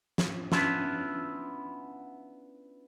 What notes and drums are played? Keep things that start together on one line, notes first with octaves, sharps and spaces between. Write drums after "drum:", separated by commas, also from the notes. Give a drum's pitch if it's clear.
drum: snare
B3 C#4 D4 E4 F4, drum: snare